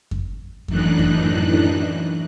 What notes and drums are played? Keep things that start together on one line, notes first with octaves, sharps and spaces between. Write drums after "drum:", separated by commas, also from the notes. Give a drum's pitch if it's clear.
drum: kick F2
F#2 A2 E3 D4 D#4 F#6, drum: kick F2
drum: kick F2